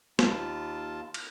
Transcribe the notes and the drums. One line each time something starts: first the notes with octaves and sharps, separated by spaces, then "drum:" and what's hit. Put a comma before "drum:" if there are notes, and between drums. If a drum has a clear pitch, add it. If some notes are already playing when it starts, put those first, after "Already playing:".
D#2 F4 A5, drum: snare
drum: cymbal